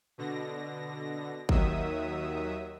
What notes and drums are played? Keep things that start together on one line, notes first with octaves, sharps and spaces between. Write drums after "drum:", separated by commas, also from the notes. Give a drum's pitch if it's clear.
B2 D3 A#6
D#2 D#3 F#3 E5 D#6, drum: kick G#1